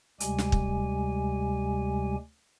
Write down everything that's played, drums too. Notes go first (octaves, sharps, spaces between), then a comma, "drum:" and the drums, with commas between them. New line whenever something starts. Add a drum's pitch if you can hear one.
D2 C3 G3 G#3 G4 G#5, drum: hi-hat
drum: snare
drum: kick